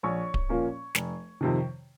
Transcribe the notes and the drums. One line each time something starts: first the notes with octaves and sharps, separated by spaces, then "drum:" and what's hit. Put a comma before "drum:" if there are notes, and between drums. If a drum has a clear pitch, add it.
A#1 C#5 C#6
drum: kick D1
A#2 F3 A#3 C#4
F1, drum: snare
F2 C3 D#3